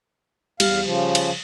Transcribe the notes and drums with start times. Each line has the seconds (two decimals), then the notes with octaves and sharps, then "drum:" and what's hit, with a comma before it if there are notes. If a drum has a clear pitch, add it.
0.60 E2 G3 F5, drum: cymbal
0.84 C#3 F3
1.15 drum: cymbal